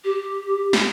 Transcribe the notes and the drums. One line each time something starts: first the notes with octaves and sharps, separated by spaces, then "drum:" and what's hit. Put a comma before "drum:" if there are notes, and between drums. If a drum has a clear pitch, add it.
G4
drum: snare